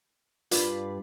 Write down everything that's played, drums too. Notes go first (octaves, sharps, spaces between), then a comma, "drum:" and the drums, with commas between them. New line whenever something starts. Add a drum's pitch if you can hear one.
G2 F4 D5 B5, drum: hi-hat